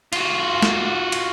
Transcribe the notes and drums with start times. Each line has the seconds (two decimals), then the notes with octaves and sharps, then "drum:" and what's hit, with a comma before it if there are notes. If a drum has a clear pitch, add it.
0.13 F4 F#4, drum: cymbal
0.62 drum: snare
1.12 drum: cymbal